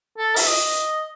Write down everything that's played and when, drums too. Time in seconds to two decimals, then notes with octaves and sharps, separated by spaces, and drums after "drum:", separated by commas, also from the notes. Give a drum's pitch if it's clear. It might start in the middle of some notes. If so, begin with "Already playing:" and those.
0.18 A4
0.36 E5, drum: open hi-hat
0.47 D#5